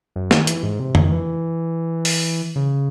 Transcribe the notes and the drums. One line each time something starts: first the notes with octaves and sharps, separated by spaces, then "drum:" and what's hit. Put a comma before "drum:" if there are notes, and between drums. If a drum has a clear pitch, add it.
F#2
D#3, drum: snare
E3, drum: hi-hat
G#2
C3
D#3, drum: tom F2
E3
drum: open hi-hat
C#3